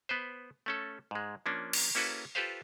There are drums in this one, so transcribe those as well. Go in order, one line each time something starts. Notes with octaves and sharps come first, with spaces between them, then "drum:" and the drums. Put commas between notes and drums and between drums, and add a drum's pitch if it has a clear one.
B3 B4 C5
A3 C#4 A4
G#2 G#3
F3 A#3 C#4 D4
drum: cymbal
A#3 C#4 E4 F#4 A4 B4
F4 G4 A4 B4 C5 F5